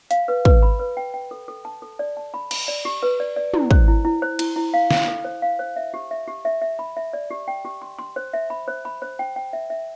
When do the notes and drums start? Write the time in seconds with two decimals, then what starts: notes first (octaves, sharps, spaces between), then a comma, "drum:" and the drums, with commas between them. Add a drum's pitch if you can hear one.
0.11 F5, drum: hi-hat
0.28 B4
0.45 B4, drum: kick
0.63 B5
0.80 B4
0.97 G5
1.14 G5
1.31 A4
1.48 A4
1.65 A5
1.82 A4
1.99 D5
2.17 A5
2.34 B5
2.51 B5, drum: cymbal
2.68 D5
2.85 G4
3.03 B4
3.20 D5
3.36 D5
3.54 E4, drum: tom
3.71 C5, drum: kick
3.88 E4
4.05 E4
4.22 C5
4.39 E4, drum: cymbal
4.56 E4
4.74 F5
4.91 F5, drum: snare
5.08 A4
5.24 C5
5.42 F5
5.59 C5
5.76 E5
5.94 G4
6.11 E5
6.28 G4
6.45 E5
6.62 E5
6.79 B5
6.97 E5
7.13 D5
7.31 G4
7.48 G5
7.65 G4
7.82 C6
7.99 C6
8.16 C5
8.33 E5
8.50 B5
8.68 C5
8.85 B5
9.02 C5
9.19 G5
9.36 G5
9.53 E5
9.70 E5